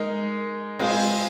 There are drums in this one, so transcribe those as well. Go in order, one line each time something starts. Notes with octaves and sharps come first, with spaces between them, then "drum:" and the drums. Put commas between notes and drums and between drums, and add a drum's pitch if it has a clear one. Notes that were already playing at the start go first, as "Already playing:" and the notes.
Already playing: G#3 D#4 A#4
G#3 C4 F4 G#4, drum: cymbal